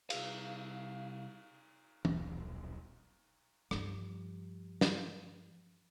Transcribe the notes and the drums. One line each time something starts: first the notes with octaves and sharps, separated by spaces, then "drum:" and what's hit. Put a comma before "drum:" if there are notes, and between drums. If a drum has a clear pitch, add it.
C2 F5, drum: cymbal
D#1 B1, drum: tom
G2 F3, drum: rim click
drum: snare